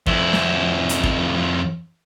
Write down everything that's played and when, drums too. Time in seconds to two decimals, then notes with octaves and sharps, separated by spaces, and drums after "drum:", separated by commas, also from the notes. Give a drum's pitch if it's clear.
0.06 F2 E4, drum: kick
0.33 drum: snare
0.89 drum: hi-hat
1.04 drum: kick